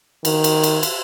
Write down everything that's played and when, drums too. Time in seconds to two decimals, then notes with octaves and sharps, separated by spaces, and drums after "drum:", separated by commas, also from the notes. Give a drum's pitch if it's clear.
0.25 D#3, drum: cymbal
0.44 drum: cymbal
0.63 drum: cymbal
0.83 drum: cymbal